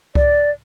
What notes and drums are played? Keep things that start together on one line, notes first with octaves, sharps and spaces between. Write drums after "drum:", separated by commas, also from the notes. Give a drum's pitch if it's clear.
D5, drum: kick C2